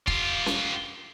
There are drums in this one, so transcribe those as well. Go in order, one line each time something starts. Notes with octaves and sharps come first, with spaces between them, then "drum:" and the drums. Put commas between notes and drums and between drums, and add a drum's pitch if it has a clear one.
F4 G4, drum: kick
drum: snare C#4